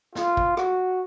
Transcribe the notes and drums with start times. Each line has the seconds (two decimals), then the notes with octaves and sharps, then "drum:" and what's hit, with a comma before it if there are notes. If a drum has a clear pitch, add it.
0.15 F4, drum: snare
0.37 drum: kick
0.57 F#4, drum: rim click